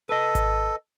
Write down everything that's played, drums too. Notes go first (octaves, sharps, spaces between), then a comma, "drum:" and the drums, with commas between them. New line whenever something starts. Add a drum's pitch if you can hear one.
A4 B4 D#5
drum: kick G#1, hi-hat